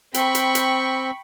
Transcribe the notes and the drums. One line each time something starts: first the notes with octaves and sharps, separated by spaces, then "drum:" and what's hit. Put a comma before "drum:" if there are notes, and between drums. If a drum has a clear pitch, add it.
C4 G5 B5 C#6, drum: hi-hat
drum: hi-hat
drum: hi-hat